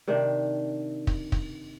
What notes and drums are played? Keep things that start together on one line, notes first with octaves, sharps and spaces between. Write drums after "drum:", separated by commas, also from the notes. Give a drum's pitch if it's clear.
C3 D#3 D4
drum: kick
drum: kick